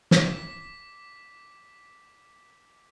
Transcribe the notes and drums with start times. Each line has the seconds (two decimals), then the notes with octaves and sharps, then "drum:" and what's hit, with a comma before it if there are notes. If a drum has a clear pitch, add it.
0.11 D6 B6, drum: snare